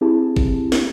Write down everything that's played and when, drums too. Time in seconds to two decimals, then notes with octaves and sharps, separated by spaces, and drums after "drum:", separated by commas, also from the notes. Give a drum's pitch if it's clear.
0.01 C4 E4 G4 G#4 A5
0.36 drum: kick G#1
0.72 drum: snare